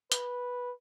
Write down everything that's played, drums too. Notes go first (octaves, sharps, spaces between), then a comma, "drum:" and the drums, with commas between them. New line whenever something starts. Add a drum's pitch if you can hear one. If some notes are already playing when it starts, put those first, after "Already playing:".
B4, drum: hi-hat